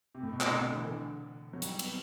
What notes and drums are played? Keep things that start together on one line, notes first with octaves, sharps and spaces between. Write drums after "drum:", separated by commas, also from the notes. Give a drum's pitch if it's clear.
C3
A2
B2
C3, drum: clap
D3
C3
D3
E3
D3
F#3
G3, drum: hi-hat
B3, drum: cymbal
C4